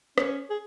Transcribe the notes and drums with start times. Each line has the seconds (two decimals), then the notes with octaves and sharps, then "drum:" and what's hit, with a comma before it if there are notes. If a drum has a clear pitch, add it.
0.18 C#4, drum: rim click
0.50 G#4